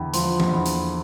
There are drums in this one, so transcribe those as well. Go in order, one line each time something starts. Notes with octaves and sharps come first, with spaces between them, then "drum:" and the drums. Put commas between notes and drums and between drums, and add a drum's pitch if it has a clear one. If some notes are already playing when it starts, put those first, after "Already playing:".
Already playing: E2 D3 G5 B5
F3 C6, drum: hi-hat
drum: tom D#3
E2 B5
drum: hi-hat